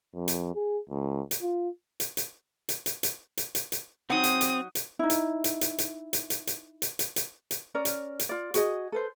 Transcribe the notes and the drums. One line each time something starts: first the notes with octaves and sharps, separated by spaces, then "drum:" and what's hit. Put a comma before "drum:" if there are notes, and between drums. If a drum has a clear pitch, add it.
F2
drum: hi-hat
G#4
C#2
drum: hi-hat
F4
drum: hi-hat
drum: hi-hat
drum: hi-hat
drum: hi-hat
drum: hi-hat
drum: hi-hat
drum: hi-hat
drum: hi-hat
F#3 C4 D#4 F#5 D#6
drum: hi-hat
drum: hi-hat
drum: hi-hat
D#4 E4
drum: hi-hat
drum: hi-hat
drum: hi-hat
drum: hi-hat
drum: hi-hat
drum: hi-hat
drum: hi-hat
drum: hi-hat
drum: hi-hat
drum: hi-hat
drum: hi-hat
C#4 A#4 D5
drum: hi-hat
drum: hi-hat
F4 D5
F#4 G#4 D#5, drum: hi-hat
A4 B4 C5